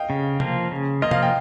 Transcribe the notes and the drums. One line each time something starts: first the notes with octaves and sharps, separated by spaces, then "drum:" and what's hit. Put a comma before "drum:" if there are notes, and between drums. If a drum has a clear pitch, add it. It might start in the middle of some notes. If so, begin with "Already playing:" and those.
Already playing: D#5 F5 G5
C#3
F3 A#3 F4, drum: tom C3
C#3
F3 A#3 F4 D#5
F5, drum: tom C3
G5